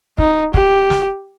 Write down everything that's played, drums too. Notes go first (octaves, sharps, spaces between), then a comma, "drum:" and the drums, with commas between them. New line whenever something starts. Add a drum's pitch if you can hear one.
D#4, drum: kick
G4, drum: kick
drum: snare